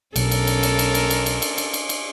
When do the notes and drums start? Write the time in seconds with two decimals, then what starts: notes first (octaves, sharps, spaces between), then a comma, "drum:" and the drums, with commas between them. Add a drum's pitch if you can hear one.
0.16 B1 B2 C#4 A4 A#4, drum: cymbal
0.31 drum: cymbal
0.47 drum: cymbal
0.63 drum: cymbal
0.79 drum: cymbal
0.95 drum: cymbal
1.10 drum: cymbal
1.26 drum: cymbal
1.42 drum: cymbal
1.58 drum: cymbal
1.74 drum: cymbal
1.89 drum: cymbal